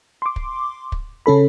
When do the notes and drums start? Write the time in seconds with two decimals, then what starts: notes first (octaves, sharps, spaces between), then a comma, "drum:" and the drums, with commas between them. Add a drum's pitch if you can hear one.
0.22 C6 D6
0.36 drum: kick
0.92 drum: kick
1.26 C#3 C#4 A4 B5